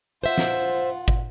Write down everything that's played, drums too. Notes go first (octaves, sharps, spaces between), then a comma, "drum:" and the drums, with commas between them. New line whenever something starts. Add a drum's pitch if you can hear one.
F4 C5 E5 F#5
drum: snare
drum: kick